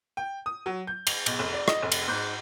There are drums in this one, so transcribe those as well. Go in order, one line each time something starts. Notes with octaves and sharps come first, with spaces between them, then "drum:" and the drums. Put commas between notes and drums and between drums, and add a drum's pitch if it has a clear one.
G5
D#6
F#3
G6
F7, drum: cymbal
B1, drum: cymbal
F1
D5
D#5, drum: rim click
F1
drum: cymbal
G#2